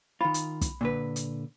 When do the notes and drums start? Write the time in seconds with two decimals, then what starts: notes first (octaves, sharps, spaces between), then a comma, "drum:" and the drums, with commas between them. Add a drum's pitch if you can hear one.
0.21 D#3 F4 B5
0.34 drum: hi-hat
0.61 drum: kick, hi-hat
0.81 A#2 D3 B4
1.16 drum: hi-hat